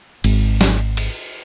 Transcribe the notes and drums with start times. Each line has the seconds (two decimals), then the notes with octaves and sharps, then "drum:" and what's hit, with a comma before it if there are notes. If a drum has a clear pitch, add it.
0.24 G#1, drum: cymbal
0.61 drum: snare
0.97 drum: cymbal